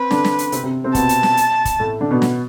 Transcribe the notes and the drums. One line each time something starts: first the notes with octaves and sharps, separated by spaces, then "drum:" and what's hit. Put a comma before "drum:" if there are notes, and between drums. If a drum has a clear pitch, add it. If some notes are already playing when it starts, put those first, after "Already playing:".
Already playing: C4 B4
D3 D4, drum: snare
drum: snare
drum: hi-hat
C3 C4, drum: hi-hat
C3 C4
C3 C4
B2 B3 A5, drum: kick, hi-hat
drum: hi-hat
drum: snare
drum: hi-hat
drum: kick, hi-hat
A2 A3
D3 D4
B2 B3
drum: snare